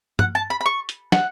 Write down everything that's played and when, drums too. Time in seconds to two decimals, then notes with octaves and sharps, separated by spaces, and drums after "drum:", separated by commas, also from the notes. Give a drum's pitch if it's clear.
0.19 F#5, drum: tom
0.35 A5
0.50 B5
0.61 B5
0.66 C#6
0.89 drum: hi-hat
1.12 F#5, drum: snare